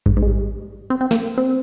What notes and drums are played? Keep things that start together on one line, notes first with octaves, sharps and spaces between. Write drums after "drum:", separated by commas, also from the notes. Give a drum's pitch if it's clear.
G#2, drum: kick A1
G#2
G#3
G3
C4
C4
A#3, drum: snare
C4